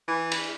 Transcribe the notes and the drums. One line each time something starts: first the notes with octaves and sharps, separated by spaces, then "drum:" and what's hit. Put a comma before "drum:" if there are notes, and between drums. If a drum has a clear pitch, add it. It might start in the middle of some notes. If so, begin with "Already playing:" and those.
E3
drum: cymbal